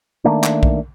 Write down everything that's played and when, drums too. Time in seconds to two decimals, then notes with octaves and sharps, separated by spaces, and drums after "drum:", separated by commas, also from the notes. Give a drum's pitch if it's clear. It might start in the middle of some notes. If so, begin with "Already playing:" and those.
0.24 D#3 A3 A#3 D4
0.44 drum: clap
0.63 drum: kick B1